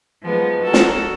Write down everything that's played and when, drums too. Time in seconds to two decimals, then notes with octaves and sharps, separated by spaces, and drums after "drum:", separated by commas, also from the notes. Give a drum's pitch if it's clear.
0.23 F3 F#3 G#3 B3 D#4
0.63 F#4 A4 A#4
0.73 drum: snare